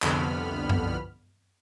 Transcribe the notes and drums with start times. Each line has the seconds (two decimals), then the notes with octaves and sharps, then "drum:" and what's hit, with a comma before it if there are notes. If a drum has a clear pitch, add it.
0.02 C2 F2 D3 B3 B5 F6, drum: clap
0.69 drum: tom F#2